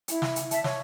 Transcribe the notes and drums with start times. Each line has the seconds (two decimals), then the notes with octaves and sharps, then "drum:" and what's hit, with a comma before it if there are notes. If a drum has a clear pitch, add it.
0.08 E4, drum: hi-hat
0.22 drum: snare
0.36 drum: hi-hat
0.51 E5 A5, drum: hi-hat
0.64 C#5, drum: snare